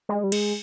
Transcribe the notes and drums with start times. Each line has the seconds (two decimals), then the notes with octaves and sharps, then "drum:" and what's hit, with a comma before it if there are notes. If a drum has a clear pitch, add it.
0.09 G#3
0.24 G3
0.32 G#3, drum: cymbal